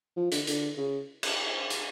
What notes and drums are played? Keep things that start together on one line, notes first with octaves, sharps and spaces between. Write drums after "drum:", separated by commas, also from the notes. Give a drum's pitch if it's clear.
F3
D3, drum: hi-hat
D3, drum: hi-hat
C#3
drum: cymbal
drum: hi-hat